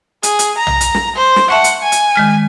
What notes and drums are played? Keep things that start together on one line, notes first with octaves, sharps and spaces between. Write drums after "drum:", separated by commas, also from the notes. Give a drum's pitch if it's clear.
G#4, drum: hi-hat
drum: hi-hat
A#5
drum: tom
drum: hi-hat
drum: snare
C5
drum: snare
E5 F#5 A5 C#6
drum: hi-hat
G#5
drum: hi-hat
D#3 G#3 F6